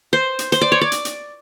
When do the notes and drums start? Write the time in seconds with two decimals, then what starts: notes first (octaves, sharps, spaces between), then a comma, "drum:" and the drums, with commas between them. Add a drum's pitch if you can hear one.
0.13 C5
0.39 drum: hi-hat
0.52 C5, drum: hi-hat
0.61 D5
0.72 C#5
0.81 D5
0.92 drum: hi-hat
1.05 drum: hi-hat